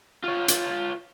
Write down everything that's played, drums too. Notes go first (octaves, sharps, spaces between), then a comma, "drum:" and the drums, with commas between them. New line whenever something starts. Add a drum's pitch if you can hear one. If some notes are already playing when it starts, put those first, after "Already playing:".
F4 C#5
drum: hi-hat